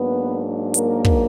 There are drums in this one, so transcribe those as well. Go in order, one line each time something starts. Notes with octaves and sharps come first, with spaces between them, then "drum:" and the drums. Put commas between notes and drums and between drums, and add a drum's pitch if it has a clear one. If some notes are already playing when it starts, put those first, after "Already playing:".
Already playing: G#2 F#3 A#3 B3 D4 B4
A#3 A#4, drum: hi-hat
drum: kick